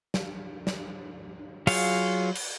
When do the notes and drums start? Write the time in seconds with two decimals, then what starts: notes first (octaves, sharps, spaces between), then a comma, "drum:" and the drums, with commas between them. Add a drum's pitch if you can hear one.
0.14 drum: snare
0.67 drum: snare
1.67 F#3 F4 G#4 C#5 F5, drum: cymbal
2.35 drum: cymbal